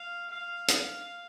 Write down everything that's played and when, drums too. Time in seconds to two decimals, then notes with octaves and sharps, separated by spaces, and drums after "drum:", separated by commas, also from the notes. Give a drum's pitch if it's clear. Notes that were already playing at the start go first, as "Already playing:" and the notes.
Already playing: F5
0.31 F5
0.68 drum: hi-hat